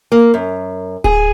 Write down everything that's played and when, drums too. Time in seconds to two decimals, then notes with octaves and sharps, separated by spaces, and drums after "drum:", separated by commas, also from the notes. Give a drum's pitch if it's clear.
0.12 A#3
0.34 F#2
1.04 G#4, drum: kick D1